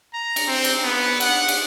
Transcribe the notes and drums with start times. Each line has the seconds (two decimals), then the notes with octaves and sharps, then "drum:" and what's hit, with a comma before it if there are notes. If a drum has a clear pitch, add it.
0.14 A#5
0.36 drum: cymbal
0.48 C4
0.64 drum: cymbal
0.83 B3
1.20 F#5, drum: cymbal
1.48 drum: cymbal